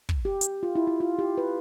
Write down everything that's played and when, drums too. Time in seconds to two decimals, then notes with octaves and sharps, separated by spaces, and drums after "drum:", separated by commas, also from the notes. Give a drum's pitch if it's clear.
0.09 drum: kick
0.25 G4
0.41 drum: hi-hat
0.63 F4
0.75 E4
0.87 E4
1.00 F4
1.19 G4
1.38 B4